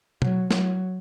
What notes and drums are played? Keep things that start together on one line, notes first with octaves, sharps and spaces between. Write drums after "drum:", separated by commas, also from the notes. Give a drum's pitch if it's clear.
F#3, drum: tom
F#3, drum: snare